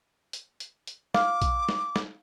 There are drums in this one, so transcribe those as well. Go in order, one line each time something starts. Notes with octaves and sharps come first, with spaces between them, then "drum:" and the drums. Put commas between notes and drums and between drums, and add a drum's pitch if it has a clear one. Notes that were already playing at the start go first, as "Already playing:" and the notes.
drum: hi-hat
drum: hi-hat
drum: hi-hat
F5 D6, drum: snare
drum: kick B1, hi-hat
drum: snare
drum: snare